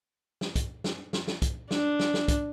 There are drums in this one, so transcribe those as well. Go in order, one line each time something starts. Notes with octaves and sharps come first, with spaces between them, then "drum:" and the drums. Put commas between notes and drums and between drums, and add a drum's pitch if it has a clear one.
drum: snare
drum: kick, hi-hat
drum: snare
drum: snare
drum: snare
drum: kick, hi-hat
D4, drum: snare
drum: snare
drum: snare
drum: kick, hi-hat